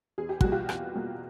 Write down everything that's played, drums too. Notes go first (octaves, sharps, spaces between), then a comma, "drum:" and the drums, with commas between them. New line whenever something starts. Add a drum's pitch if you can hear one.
E2 G#4
G4
B2 G3 A#3 F#4, drum: kick
F4 G4
E2, drum: rim click
B2 G3 A#3